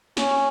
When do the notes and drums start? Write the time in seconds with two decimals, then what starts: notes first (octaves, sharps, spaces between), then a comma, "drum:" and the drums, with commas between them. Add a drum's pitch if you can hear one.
0.17 C#4, drum: snare